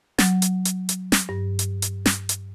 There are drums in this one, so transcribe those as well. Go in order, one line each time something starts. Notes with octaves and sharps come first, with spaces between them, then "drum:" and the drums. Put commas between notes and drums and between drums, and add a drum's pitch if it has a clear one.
F#3, drum: snare
drum: hi-hat
drum: hi-hat
drum: hi-hat
drum: snare
G2
drum: hi-hat
drum: hi-hat
drum: snare
drum: hi-hat